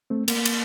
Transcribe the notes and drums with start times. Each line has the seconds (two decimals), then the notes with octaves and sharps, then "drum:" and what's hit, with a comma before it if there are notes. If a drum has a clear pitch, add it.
0.10 A3 C4
0.28 A#3, drum: cymbal
0.45 drum: cymbal